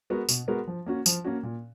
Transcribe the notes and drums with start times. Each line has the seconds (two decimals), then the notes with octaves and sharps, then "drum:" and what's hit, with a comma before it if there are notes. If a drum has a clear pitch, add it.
0.10 G#3 B3 F#4 A#4
0.29 B2, drum: tambourine
0.48 G#3 B3 F#4 A#4
0.67 F3
0.86 A#3 C#4 F#4
1.06 F3, drum: tambourine
1.24 A#3 C#4 F#4
1.43 A#2